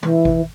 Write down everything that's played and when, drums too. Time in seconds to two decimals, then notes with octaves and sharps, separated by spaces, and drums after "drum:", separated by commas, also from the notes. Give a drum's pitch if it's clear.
0.03 E3, drum: tom B2
0.25 drum: kick G#1